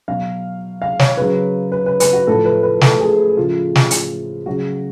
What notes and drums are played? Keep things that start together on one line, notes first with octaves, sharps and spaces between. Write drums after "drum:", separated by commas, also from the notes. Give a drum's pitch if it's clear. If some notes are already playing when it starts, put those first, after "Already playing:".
B2 F#3 F5
F5
C#5, drum: snare
C#3 F#3 B4
B4
B4
B4, drum: hi-hat
F#4
A2 F3 A4
B4
B4
A4, drum: snare
G#4
C#3 F3 F4
drum: snare
drum: hi-hat
C#3 F#3 F#4